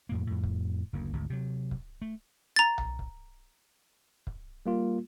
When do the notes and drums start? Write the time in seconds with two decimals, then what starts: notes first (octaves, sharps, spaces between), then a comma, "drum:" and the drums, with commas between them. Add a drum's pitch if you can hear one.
0.09 F2 A2 A#3
0.27 F2 A2
0.44 drum: kick
0.93 F#1 D2 A#3
1.13 G#1 D2
1.30 C3 F#3
1.71 drum: kick
2.02 A3
2.56 A#5 A6
2.78 drum: tom B1
2.99 drum: kick
4.27 drum: kick
4.66 G3 A#3 F4